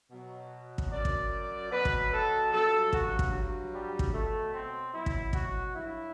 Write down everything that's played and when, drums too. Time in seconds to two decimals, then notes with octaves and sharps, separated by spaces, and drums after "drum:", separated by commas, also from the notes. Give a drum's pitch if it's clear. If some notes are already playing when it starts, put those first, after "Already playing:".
0.11 B2 F#3
0.78 drum: kick
0.91 F#2 F#3 D5
1.05 drum: kick
1.71 B2 F#3 B4
1.85 drum: kick
2.11 A4
2.53 G2 F#3 A4
2.93 F#4, drum: kick
3.19 drum: kick
3.32 G2 F#3
3.72 G3
3.99 drum: kick
4.12 B2 F#3 A3
4.53 C4
4.93 B2 F#3 E4
5.06 drum: kick
5.33 F#4, drum: kick
5.73 G2 F#3 E4